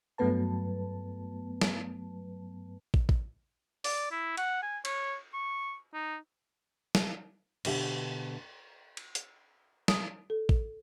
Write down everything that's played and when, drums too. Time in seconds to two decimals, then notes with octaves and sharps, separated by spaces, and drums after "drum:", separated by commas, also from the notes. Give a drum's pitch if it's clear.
0.18 G2 F#3 A3 B3 B4 A5
1.61 drum: snare
2.94 drum: kick
3.09 drum: kick
3.84 D5, drum: open hi-hat
4.11 E4
4.37 F#5, drum: cymbal
4.62 G#5
4.85 C#5, drum: cymbal
5.34 C#6
5.94 D#4
6.95 drum: snare
7.65 B2 D3 D4 G4 E5, drum: cymbal
8.97 drum: cymbal
9.15 drum: hi-hat
9.88 D#6, drum: snare
10.30 A4
10.49 drum: kick